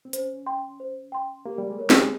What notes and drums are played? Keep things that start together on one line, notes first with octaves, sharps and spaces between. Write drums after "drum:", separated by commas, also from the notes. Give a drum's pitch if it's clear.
C4
C#4 C5, drum: hi-hat
G5 C6
C5
G5 C6
A#3 G4
G3
G#3
A#4 C#5
G#3, drum: snare C4